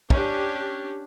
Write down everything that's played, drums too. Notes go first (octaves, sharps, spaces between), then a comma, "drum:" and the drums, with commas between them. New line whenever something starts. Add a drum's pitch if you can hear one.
C#4 D4 G4, drum: kick